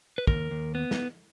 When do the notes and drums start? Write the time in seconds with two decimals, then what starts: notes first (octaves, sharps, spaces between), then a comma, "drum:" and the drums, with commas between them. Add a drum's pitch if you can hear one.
0.18 B4
0.27 D#2 A#4, drum: kick
0.51 D#2
0.75 B3
0.91 drum: snare